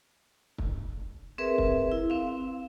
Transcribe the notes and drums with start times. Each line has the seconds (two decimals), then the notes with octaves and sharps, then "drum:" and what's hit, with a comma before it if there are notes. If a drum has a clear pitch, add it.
0.58 drum: kick
1.38 C4 G#4 A#4 B4 E5
1.58 drum: kick
1.92 E4
2.10 C4 F5